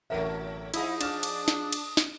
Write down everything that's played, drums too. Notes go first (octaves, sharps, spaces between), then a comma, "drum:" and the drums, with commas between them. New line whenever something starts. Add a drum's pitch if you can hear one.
A1 B2 F#3 A3 A#4 E5
F3 D#4 E4 G#4 D#6, drum: cymbal
D4 D6 F6 E7, drum: cymbal
drum: cymbal
drum: snare
drum: cymbal
drum: snare